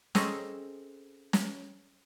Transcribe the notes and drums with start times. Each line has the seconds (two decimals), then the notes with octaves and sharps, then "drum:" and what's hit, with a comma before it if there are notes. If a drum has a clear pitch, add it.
0.15 C4 C#4 G#4 A4 D#5 A#5, drum: snare
1.33 drum: snare